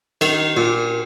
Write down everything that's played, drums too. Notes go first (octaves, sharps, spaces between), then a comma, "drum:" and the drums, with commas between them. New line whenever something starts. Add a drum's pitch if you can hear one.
D#3, drum: cymbal
A#2